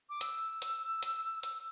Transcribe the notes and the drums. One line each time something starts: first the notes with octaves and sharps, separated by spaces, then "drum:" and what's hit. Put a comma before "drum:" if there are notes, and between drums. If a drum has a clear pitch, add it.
D6
E6, drum: hi-hat
drum: hi-hat
drum: hi-hat
drum: hi-hat